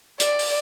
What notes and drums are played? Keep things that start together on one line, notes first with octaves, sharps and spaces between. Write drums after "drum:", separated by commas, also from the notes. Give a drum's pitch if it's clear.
D5, drum: hi-hat
drum: open hi-hat